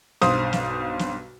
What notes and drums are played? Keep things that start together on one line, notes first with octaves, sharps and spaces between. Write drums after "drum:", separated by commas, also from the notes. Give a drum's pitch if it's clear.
B1 G2 C5 F5 D#6, drum: snare
drum: snare
drum: snare